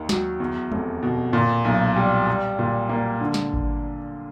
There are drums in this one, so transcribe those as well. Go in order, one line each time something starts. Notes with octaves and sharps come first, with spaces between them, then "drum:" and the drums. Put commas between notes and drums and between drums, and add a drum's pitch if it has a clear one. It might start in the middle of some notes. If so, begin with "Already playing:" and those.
Already playing: D#2 D#3
F#3, drum: snare
E2
F1, drum: tom
B2
A#2
B1
G3
G3
A#2
A#3
D3
drum: snare
drum: kick G#1